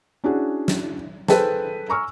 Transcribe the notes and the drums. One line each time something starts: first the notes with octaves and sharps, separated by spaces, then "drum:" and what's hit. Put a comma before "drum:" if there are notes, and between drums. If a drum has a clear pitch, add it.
C#4 D4 E4 F#4 G#4
drum: snare
G#4 A4 B4 C5 G5 A5, drum: snare
G#5 A#5 C#6 E6 F6